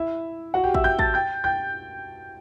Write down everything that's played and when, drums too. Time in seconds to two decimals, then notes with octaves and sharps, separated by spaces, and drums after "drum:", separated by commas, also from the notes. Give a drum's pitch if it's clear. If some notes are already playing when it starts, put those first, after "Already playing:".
Already playing: E4 E5
0.54 F#4 F#5
0.64 G4 G5
0.74 E5 E6, drum: kick
0.84 G5 G6
0.99 A5 A6, drum: kick
1.14 G5 G6
1.44 G5 G6